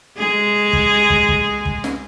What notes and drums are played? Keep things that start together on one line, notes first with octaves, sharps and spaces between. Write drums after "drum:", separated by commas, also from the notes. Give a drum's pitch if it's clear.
G#3 G#4
drum: kick
drum: kick
drum: kick
drum: kick
drum: snare